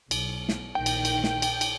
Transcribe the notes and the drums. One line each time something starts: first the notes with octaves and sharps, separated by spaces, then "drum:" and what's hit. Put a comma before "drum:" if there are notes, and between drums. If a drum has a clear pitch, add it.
B1, drum: cymbal
drum: snare
A#1 D#3 G5
drum: cymbal
drum: cymbal
drum: snare
drum: cymbal
drum: cymbal